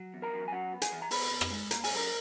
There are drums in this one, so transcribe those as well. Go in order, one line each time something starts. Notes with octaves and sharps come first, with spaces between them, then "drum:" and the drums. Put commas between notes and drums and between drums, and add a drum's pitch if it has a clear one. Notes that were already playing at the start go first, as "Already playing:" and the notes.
Already playing: F#3
E2
A#4 A#5
F#3
G#5
F#2 F#4 F#5
B3
G#4 G#5, drum: hi-hat
E3
A#5
B2 B4 B5, drum: open hi-hat
B2
drum: rim click
G#3
A#3 A#5, drum: hi-hat
G#5, drum: open hi-hat
F#2
A#4 A#5